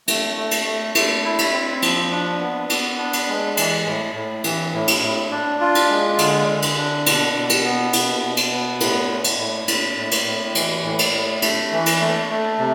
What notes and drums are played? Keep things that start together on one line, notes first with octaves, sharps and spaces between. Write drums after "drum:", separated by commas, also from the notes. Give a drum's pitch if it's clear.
A3, drum: cymbal
A3
drum: cymbal
A3
A3, drum: cymbal
E4
drum: cymbal
C4
F3, drum: cymbal
D4
B3
B3, drum: cymbal
D4
drum: cymbal
G#3
E3, drum: cymbal
A2
A2
E3, drum: cymbal
A2
drum: cymbal
A2
D4
F4
drum: cymbal
G#3
D3, drum: cymbal
D3
drum: cymbal
D4
B2, drum: cymbal
B2
drum: cymbal
B3
B2, drum: cymbal
B2
drum: cymbal
B3
A2, drum: cymbal
A2
drum: cymbal
A2
A2, drum: cymbal
A2
drum: cymbal
A2
E3, drum: cymbal
A2
drum: cymbal
A2
A3, drum: cymbal
E3
drum: cymbal
A3
A3
C3